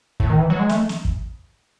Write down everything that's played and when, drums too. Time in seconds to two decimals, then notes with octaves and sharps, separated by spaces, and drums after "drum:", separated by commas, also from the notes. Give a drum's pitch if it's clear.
0.20 A2, drum: kick
0.30 D#3
0.39 E3
0.50 F#3
0.59 G#3
0.69 A3, drum: snare
0.89 drum: snare
1.05 drum: kick